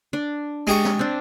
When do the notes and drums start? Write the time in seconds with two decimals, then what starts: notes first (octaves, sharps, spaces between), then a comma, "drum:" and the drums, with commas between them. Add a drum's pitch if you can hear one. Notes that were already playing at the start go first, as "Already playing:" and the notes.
0.13 D4
0.67 G#3 G4 C#6, drum: cymbal
0.85 drum: snare
0.99 C4 D4